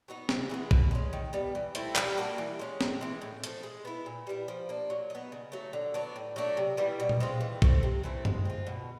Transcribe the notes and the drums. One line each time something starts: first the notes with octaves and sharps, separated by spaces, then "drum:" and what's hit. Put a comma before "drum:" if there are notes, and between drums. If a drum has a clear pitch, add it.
F#3 B3 D#4
C3, drum: snare
E3 G#3 B3
B2, drum: kick
G#3 C#4
D#3
G3 B3
E3
A3 C4 E4, drum: hi-hat
G3, drum: clap
A#3 D4 F#4
E3
G#3 C#4
A2, drum: snare
E3 G#3
A2
F3 A3, drum: hi-hat
G#3
B3 E4
A#2
G3 B3 E4
F3
A#3 D4
F#3
B3 D#4
C#3
F#3 A3
D3
F#3 B3 D4
A2
F#3 A3 D4
C3
E3 G3 B3
B2
drum: tom A#2
G#3 C4 F4
E3
A3 C4, drum: kick
C3
E3 A3 C4
G#3, drum: tom F#2
C4 F4
B2